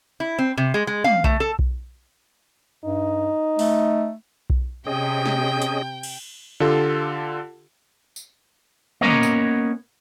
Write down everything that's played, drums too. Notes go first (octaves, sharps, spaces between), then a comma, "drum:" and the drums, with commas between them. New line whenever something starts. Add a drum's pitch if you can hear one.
E4
C4
C3
G#3
G#3
F5, drum: tom
A3, drum: kick B1
A4
drum: kick B1
G2 D#4
A3, drum: open hi-hat
drum: kick B1
C3 C#4 G#4 D#5 G5
drum: snare
drum: hi-hat
drum: cymbal
D3 F4 G4 A4
drum: tambourine
A#3 B3 C#4 A#4 C#5 D#5, drum: tom
drum: tambourine